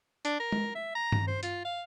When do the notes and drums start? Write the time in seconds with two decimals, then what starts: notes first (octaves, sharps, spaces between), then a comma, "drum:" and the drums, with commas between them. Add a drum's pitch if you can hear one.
0.25 D4, drum: hi-hat
0.40 A#4
0.52 drum: tom G#3
0.75 E5
0.95 A#5
1.12 drum: tom G2
1.27 C5
1.43 F4, drum: hi-hat
1.65 F5